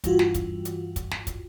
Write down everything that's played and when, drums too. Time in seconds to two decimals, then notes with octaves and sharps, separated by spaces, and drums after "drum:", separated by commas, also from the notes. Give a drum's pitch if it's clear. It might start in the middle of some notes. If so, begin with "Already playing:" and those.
0.04 G2 E3 F4 F#4, drum: kick, hi-hat
0.19 drum: snare
0.34 drum: kick, hi-hat
0.65 drum: hi-hat
0.96 drum: kick, hi-hat
1.11 drum: snare
1.27 drum: kick, hi-hat